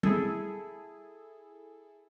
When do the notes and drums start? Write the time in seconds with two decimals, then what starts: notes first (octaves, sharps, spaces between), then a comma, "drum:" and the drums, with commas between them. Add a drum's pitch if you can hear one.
0.03 E4 G#4 A4, drum: tom G3